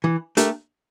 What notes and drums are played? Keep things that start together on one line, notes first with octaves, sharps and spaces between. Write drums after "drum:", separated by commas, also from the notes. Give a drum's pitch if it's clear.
E3
A3 D4 G4 A#4, drum: hi-hat